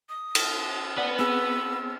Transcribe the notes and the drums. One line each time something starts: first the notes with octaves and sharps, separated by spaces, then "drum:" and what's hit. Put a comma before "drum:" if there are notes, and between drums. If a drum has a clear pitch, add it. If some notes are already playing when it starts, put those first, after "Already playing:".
D#6
drum: cymbal
B4 D5 F#5
B3 C4 G#4 E6